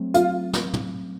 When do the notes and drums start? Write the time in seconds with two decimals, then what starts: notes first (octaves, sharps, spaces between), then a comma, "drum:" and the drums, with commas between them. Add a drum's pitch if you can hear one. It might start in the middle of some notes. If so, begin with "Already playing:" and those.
Already playing: F#3 A3 C4
0.14 F4, drum: hi-hat
0.53 drum: snare
0.73 drum: tom